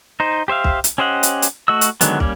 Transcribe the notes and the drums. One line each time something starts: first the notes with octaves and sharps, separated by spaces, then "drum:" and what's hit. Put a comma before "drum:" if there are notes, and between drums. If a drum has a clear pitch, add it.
D#4 C5
G4 C5 E5 F5
drum: kick
drum: hi-hat
C#4 G4 C5 D#5 F#5
drum: hi-hat
drum: hi-hat
A3 F#4 D#5 E6
drum: hi-hat
D3 D#3 F#3 G#3 B3, drum: hi-hat
G3 A#3 C#4, drum: kick